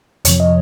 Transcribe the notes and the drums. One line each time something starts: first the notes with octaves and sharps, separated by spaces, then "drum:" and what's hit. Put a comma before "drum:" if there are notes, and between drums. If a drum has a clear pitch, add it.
F2 C3 F3 C#5, drum: hi-hat
D#5